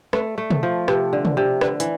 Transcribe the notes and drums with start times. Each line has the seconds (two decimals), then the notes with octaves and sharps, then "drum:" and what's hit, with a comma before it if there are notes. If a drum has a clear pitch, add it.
0.13 A3, drum: rim click
0.38 A3
0.50 drum: tom
0.63 F3
0.88 C3, drum: rim click
1.13 D3
1.25 drum: tom
1.37 C3
1.61 D3, drum: rim click
1.80 E3, drum: hi-hat